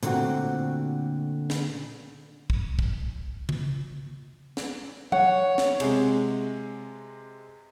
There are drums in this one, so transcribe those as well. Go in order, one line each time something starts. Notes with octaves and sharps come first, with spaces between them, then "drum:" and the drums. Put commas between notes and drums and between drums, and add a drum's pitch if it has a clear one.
A#2 D3 A3 C4 F#4, drum: hi-hat
drum: snare
drum: kick
drum: kick
drum: tom C#3
drum: snare
C#5 F#5, drum: tom F#3
drum: snare
C3 G#3, drum: cymbal